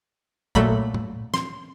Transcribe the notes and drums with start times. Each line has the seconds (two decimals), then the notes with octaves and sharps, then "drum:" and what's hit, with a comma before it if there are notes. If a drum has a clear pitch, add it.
0.55 A#2 F#3 A3 B5, drum: kick, hi-hat
0.94 drum: tom
1.34 C6, drum: snare